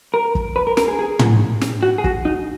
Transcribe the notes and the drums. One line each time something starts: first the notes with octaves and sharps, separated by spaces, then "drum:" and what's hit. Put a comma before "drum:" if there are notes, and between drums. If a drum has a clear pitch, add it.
A#4
drum: kick
B4
A#4
A#4, drum: snare
G#4
G#4
drum: tom
drum: snare
F#4
G#4
F#4, drum: kick
D#4